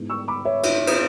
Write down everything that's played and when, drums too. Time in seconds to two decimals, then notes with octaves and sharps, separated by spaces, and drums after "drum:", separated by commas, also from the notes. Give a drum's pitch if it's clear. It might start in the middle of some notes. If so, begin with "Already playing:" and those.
Already playing: G#2 G#3 B3 E4
0.10 C#6 E6
0.28 B5 D6
0.45 C#5 E5
0.63 C#5 E5, drum: cymbal
0.87 drum: cymbal